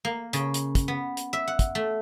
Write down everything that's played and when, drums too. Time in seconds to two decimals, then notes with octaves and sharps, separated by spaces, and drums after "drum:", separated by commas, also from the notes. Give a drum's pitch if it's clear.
0.05 A#3
0.33 C#3, drum: hi-hat
0.54 drum: hi-hat
0.75 drum: kick, hi-hat
0.88 B3
1.17 drum: hi-hat
1.33 E5
1.48 F#5
1.59 drum: kick, hi-hat
1.75 A3